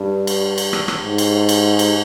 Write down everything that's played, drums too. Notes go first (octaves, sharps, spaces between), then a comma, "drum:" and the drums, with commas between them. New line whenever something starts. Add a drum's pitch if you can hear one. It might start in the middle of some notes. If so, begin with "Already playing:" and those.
Already playing: G2
drum: cymbal
drum: cymbal
drum: rim click
drum: rim click
G#2
drum: cymbal
drum: cymbal
drum: cymbal